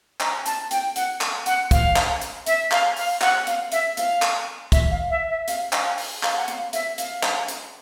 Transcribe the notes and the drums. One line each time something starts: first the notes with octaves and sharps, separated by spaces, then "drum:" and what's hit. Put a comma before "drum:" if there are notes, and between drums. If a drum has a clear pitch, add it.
A#5, drum: clap
A5, drum: hi-hat
G5, drum: hi-hat
F#5, drum: hi-hat
drum: clap
F#5, drum: hi-hat
F5, drum: kick, hi-hat
drum: clap
drum: hi-hat
E5, drum: hi-hat
F5, drum: clap
F5, drum: open hi-hat
F#5, drum: clap
F5, drum: hi-hat
E5, drum: hi-hat
F5, drum: hi-hat
drum: clap
E5, drum: kick, hi-hat
F5
E5
E5
F5, drum: hi-hat
F5, drum: clap
drum: open hi-hat
F5, drum: clap
F#5
F5, drum: hi-hat
E5, drum: hi-hat
F5, drum: hi-hat
drum: clap
drum: hi-hat